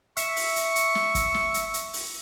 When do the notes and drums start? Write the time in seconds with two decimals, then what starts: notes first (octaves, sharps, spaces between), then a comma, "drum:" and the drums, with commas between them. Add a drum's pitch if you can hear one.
0.17 E5 C#6, drum: hi-hat
0.36 drum: open hi-hat
0.56 drum: hi-hat
0.75 drum: hi-hat
0.95 drum: snare
1.15 drum: kick, hi-hat
1.34 drum: snare
1.54 drum: hi-hat
1.74 drum: hi-hat
1.93 drum: open hi-hat